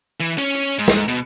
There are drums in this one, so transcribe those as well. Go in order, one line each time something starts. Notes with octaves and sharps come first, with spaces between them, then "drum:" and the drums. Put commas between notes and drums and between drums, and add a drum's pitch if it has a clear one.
E3
C#4, drum: hi-hat
drum: hi-hat
G#2
drum: snare
B2